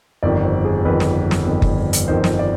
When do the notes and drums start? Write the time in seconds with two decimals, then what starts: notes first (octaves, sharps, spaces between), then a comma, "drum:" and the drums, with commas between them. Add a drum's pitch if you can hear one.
0.23 G1 F2 D#3 D5
0.44 C5
0.64 G#4
0.85 G1 F2 D#3 B4
1.00 drum: snare
1.31 drum: snare
1.47 G1 F2 D#3
1.62 drum: kick F#1
1.93 drum: hi-hat
2.08 G1 F2 D#3 C5
2.24 drum: snare
2.39 D5